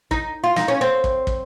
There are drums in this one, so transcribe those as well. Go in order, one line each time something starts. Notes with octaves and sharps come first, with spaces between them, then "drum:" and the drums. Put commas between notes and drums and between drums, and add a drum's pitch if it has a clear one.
D#4, drum: kick
F4
D#4, drum: snare
C#4
C4
drum: kick
drum: kick